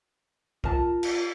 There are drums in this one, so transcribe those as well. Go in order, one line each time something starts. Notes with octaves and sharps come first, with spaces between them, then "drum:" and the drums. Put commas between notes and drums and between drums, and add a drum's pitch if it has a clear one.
F4 A#4 A5, drum: kick
drum: cymbal